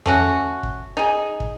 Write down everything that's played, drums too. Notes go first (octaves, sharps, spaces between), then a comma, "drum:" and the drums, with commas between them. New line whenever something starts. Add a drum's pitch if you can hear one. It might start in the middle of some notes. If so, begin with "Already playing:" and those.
A3 C#4 F#4, drum: tom F2
drum: kick
D#4 G#4
drum: kick